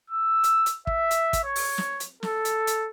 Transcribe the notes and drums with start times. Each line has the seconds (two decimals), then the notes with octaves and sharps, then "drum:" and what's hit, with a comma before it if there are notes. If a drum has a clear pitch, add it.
0.10 E6
0.44 drum: hi-hat
0.66 drum: hi-hat
0.87 E5, drum: kick
1.11 drum: hi-hat
1.33 drum: kick, hi-hat
1.44 C#5
1.56 drum: open hi-hat
1.78 drum: snare
2.00 drum: hi-hat
2.23 A4, drum: snare
2.45 drum: hi-hat
2.67 drum: hi-hat